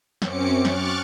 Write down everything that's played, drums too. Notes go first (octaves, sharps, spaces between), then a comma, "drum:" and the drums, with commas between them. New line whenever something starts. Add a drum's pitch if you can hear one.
F#2 C4 C#4 D6 C#7, drum: snare
C#6 D6 F6 F#6 A6, drum: snare